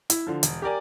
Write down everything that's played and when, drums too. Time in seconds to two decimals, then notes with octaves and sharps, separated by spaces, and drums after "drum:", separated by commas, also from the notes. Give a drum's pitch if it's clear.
0.10 E4, drum: hi-hat
0.27 D3 F3
0.43 E1, drum: hi-hat
0.62 G4 A#4 D5 G#5